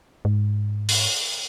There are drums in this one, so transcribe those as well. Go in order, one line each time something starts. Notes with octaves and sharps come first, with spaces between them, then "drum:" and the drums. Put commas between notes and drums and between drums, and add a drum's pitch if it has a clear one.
G#2
drum: open hi-hat